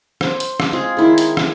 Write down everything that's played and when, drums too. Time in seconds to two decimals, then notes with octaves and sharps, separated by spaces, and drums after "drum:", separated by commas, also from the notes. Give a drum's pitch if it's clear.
0.21 C5, drum: rim click
0.40 drum: hi-hat
0.60 drum: rim click
0.73 G#3 C4 F4 G#4
0.97 D#3 E4 G#4
1.18 drum: hi-hat
1.37 drum: rim click